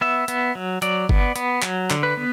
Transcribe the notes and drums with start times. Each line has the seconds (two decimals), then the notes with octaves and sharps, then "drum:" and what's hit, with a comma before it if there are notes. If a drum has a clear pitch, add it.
0.01 B3 E5
0.28 B3, drum: hi-hat
0.55 F#3
0.82 F#3 D5, drum: hi-hat
1.09 B3, drum: kick G1
1.36 B3, drum: hi-hat
1.62 F#3, drum: clap
1.90 D3, drum: clap
2.03 B4
2.17 B3